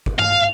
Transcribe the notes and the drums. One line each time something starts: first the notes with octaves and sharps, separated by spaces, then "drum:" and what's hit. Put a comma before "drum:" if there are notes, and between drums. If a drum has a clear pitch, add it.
drum: kick
F5, drum: tom G2